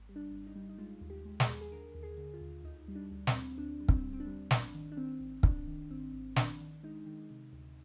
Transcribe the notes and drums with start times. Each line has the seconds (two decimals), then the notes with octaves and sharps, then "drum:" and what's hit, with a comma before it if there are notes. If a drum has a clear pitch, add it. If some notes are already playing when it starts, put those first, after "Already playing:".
Already playing: G#1
0.09 G3
0.16 D4
0.31 G#1
0.47 D#4
0.55 G3
0.69 D#4
0.78 G#3 F4
1.01 D#2
1.10 G4
1.25 G#3
1.40 G#4, drum: snare
1.47 D#2
1.61 G#4
1.71 D3 A#4
1.95 D#2
2.03 G#4
2.18 D3
2.34 F4
2.41 D#2
2.64 D2 D#4
2.88 G3
2.95 D4
3.11 D2
3.27 C4, drum: snare
3.35 D2
3.58 D2 D4
3.80 G3
3.89 C4, drum: kick
4.04 D2
4.13 C4
4.20 D4
4.27 G3
4.51 G#1 D4, drum: snare
4.75 D#3
4.92 D4
4.97 D#3 C4
5.20 G#1
5.43 G#1 D4, drum: kick
5.67 D#3
5.90 G#1 C4
6.13 G#1
6.36 D#3 D4, drum: snare
6.61 D#3
6.83 G#3 D#4
7.06 D#3
7.30 C3
7.53 D2